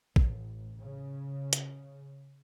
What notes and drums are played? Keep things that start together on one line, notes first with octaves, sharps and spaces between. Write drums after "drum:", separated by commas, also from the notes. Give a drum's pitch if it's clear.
A1, drum: kick
C#3
drum: hi-hat